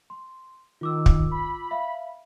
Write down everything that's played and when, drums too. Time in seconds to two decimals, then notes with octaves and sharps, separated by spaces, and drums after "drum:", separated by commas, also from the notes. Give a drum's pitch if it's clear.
0.10 C6
0.81 D#3 F4 D6 E6
1.06 drum: kick
1.31 B5
1.71 E5 F5